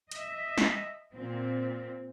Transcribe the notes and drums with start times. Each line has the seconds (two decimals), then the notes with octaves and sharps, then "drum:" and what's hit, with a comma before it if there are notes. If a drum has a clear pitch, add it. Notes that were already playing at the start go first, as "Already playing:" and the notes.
0.11 D#5 E5, drum: hi-hat
0.58 drum: snare
1.13 A#2 C4